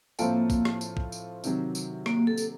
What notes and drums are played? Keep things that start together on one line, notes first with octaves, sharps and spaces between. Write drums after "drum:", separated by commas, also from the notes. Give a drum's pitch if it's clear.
A2 F3 A#3 C4 F4 A4, drum: tambourine
drum: kick A#1, tambourine
drum: rim click
drum: tambourine
drum: kick A#1
drum: tambourine
C3 D#3 F#3, drum: tambourine
drum: tambourine
A#3, drum: rim click
A4
drum: tambourine